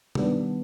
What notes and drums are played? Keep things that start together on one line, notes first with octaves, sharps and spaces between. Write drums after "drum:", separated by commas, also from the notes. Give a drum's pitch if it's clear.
D#3 G3 B3 D4, drum: tom